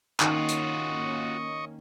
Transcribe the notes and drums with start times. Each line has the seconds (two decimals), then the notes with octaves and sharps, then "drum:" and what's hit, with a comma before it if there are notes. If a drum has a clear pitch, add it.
0.20 D#3 A#3 C#4 F4 F#4 D#5 C#6, drum: clap
0.49 drum: hi-hat